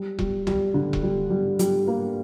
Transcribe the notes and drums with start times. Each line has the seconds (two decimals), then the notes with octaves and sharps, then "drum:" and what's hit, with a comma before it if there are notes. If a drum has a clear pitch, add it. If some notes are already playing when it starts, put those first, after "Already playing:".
Already playing: G3
0.19 G3, drum: kick E1
0.47 G3, drum: tom C#2
0.74 D3
0.93 drum: kick E1
1.03 G3
1.30 G3
1.59 G3, drum: hi-hat
1.88 A#3